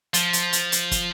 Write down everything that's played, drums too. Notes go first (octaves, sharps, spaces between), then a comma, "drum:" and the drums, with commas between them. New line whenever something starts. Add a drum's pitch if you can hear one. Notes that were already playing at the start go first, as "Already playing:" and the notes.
F3, drum: hi-hat
drum: hi-hat
drum: hi-hat
drum: hi-hat
drum: kick, hi-hat